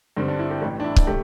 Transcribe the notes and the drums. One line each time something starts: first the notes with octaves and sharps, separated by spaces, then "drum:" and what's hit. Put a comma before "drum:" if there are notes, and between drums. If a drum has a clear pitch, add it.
G1 G2 G3 C4
D4
E4
G4
A1 A2 E3 G4
D4
E4
drum: kick C#1
C3 A3 G4